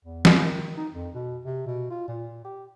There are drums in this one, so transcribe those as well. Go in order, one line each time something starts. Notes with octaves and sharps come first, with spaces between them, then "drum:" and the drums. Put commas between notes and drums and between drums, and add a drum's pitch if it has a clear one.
E2
drum: snare
D#3
D#4
F2
B2
C3
B2
F4
A#2
G4